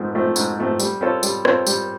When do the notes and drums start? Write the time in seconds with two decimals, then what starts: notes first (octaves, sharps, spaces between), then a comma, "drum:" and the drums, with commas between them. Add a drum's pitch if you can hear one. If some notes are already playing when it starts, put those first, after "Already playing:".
Already playing: G#2 F3 A3 C4
0.14 F3 A3 C4
0.36 G#2, drum: tambourine
0.58 F3 A3 C4
0.80 G3, drum: tambourine
1.01 C4 F4 A4 C#5
1.23 G3, drum: tambourine
1.45 C4 F4 A4 C#5, drum: rim click
1.67 G3, drum: tambourine